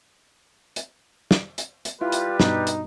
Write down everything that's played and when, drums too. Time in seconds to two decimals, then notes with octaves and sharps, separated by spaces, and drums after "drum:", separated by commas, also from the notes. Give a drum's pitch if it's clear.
0.76 drum: hi-hat
1.31 drum: snare
1.58 drum: hi-hat
1.85 drum: hi-hat
2.01 G3 E4 F4 G4 B4
2.12 drum: hi-hat
2.40 G2 B2 D#4, drum: snare
2.67 drum: hi-hat